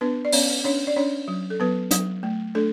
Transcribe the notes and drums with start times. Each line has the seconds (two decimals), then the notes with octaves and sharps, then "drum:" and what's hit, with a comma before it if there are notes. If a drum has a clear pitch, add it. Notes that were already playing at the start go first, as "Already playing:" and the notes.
0.01 B3 D4 B4
0.25 D5
0.32 B3 C#4 C#5, drum: open hi-hat
0.64 C#4 D4 C#5
0.87 D5
0.96 C#4 D4 C#5
1.28 F#3
1.50 A4
1.60 F#3 B3 B4
1.91 F#3, drum: hi-hat
2.23 A3
2.55 A3 D4 A4